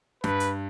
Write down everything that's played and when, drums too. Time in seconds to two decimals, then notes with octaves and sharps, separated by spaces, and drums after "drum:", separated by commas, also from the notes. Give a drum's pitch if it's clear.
0.24 G2 B4, drum: snare
0.40 drum: hi-hat